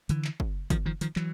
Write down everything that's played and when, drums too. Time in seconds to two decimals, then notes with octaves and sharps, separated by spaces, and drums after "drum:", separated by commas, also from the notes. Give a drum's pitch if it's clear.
0.09 D3 E3, drum: hi-hat
0.25 drum: clap
0.40 drum: kick
0.70 D#3 F3, drum: kick, hi-hat
0.86 D#3 F3
1.01 D#3 F3, drum: hi-hat
1.16 E3 F#3, drum: clap